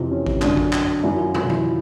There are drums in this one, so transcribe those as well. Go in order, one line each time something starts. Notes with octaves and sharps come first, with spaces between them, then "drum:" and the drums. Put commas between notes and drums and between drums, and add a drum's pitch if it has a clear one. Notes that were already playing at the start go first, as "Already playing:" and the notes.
Already playing: F2 C3 E3
C#4
drum: kick A1
F#2 D3 D4, drum: clap
drum: kick A1
drum: clap
F#2 D#3 E4
F4
F4, drum: tom
E4, drum: tom D3